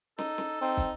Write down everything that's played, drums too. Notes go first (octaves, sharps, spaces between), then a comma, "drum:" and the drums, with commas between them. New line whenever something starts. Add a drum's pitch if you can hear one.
D#4 A4, drum: snare
drum: snare
C4 D#4
drum: kick, hi-hat